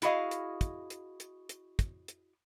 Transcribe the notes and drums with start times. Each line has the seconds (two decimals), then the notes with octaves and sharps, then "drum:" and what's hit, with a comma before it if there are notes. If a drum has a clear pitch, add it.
0.02 E4 F#4 G#4 D#5 F5, drum: hi-hat
0.31 drum: hi-hat
0.61 drum: kick, hi-hat
0.90 drum: hi-hat
1.20 drum: hi-hat
1.49 drum: hi-hat
1.79 drum: kick, hi-hat
2.08 drum: hi-hat